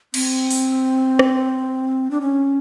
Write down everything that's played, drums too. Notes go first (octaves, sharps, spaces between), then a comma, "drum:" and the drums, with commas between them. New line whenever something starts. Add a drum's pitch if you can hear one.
C4, drum: cymbal
drum: open hi-hat
drum: rim click
D4
C#4